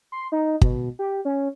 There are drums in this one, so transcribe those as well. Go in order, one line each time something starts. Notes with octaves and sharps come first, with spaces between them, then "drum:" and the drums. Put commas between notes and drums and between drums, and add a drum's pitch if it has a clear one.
C6
D#4
B2, drum: kick
G4
C#4